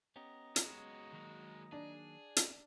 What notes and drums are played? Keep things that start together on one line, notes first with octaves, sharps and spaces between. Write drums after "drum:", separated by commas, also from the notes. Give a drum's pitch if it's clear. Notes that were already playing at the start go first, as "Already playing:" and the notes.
B3 C#4 G4 D#5 A#5
G#3 F#4, drum: hi-hat
D#3 F#3 A#3
D4 G#4
drum: hi-hat